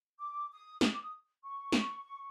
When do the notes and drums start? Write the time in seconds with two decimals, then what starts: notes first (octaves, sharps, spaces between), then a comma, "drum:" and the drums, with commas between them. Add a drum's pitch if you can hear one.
0.19 D6
0.51 D#6
0.81 D#6, drum: snare
0.92 D6
1.02 D#6
1.44 C#6
1.72 drum: snare